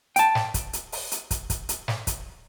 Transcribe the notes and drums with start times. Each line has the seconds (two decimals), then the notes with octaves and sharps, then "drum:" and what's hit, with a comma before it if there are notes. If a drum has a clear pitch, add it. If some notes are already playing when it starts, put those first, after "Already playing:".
0.16 G5 A5, drum: hi-hat
0.35 drum: snare
0.54 drum: kick, hi-hat
0.73 drum: hi-hat
0.92 drum: open hi-hat
1.11 drum: hi-hat
1.31 drum: kick, hi-hat
1.50 drum: kick, hi-hat
1.69 drum: hi-hat
1.88 drum: snare
2.07 drum: kick, hi-hat